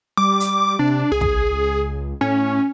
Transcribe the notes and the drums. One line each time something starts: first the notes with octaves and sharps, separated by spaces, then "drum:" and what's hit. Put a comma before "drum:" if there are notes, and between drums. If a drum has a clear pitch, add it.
G3 D6
drum: hi-hat
C3 D4
C2 G#4
drum: kick
C#2
A2 C#4